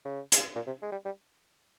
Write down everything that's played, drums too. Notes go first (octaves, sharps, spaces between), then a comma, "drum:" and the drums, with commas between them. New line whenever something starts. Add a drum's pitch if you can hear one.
C#3
drum: hi-hat
A#2
C3
G#3
G3
G3